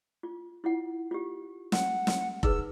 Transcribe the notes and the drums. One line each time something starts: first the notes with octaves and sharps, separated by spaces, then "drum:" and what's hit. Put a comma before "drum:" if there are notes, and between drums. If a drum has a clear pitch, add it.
F4
E4 F4 F#5
F4 G4
F#5, drum: snare
drum: snare
D#4 G#4 B4 E6, drum: kick F1